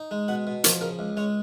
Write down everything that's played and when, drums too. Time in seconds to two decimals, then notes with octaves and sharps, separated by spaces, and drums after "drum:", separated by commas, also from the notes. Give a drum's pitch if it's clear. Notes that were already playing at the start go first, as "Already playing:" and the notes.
Already playing: D#4
0.11 G#3
0.28 B2 F#5
0.47 B2
0.64 F3 A#4, drum: hi-hat
0.81 C#3 A#4
0.99 C#2
1.17 G#3 C#5